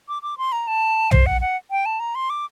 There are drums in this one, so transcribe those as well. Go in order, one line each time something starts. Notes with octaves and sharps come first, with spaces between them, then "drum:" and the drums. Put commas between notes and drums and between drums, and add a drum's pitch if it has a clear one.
D6
D6
C6
A#5
A5
C5, drum: tom
F#5
F#5
G5
A5
A#5
C6
D6